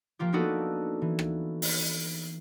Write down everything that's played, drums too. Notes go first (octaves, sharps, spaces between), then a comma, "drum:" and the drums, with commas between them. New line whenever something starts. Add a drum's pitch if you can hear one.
F3 A#3 F4 G4
A#3 B3 D4 D#4 F#4 A4
E3
drum: rim click
drum: open hi-hat